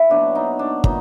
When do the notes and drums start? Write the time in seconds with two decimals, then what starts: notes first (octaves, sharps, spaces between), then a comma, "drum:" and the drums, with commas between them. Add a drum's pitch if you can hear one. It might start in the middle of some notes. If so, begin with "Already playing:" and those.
Already playing: E4
0.10 B2 F#3 D4
0.35 D#4
0.59 D4
0.84 A#2 F#3 D#4, drum: kick